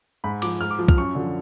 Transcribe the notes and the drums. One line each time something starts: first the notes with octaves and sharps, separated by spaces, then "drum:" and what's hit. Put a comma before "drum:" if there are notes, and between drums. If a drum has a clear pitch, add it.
G#2 B5
F3 D6, drum: cymbal
G#2 F6
D6
F3
F6, drum: kick
F#2 C#6
D3 F3